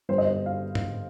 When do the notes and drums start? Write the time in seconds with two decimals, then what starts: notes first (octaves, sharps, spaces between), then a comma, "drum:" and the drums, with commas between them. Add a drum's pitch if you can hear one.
0.09 G1 G2 G3 C5
0.18 D#5
0.27 C5
0.46 F5
0.75 drum: tom G#2